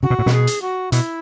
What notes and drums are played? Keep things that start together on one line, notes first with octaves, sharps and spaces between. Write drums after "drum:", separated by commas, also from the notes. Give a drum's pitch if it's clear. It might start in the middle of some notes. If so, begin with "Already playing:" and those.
C#3 F#4
B2
A2
B2, drum: snare
G#4
drum: hi-hat
F#4
B2 E4, drum: hi-hat